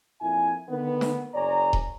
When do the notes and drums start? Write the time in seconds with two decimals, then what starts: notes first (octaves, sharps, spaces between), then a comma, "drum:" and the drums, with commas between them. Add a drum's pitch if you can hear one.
0.21 F2 A#2 E4 G#5
0.69 D3 D#3 B3
1.01 drum: snare
1.35 F#1 C#5 D5 G#5 A#5
1.73 drum: kick D#1